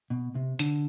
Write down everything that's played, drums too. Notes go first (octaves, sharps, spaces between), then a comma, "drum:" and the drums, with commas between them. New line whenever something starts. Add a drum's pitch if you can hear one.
B2
C3
D3, drum: hi-hat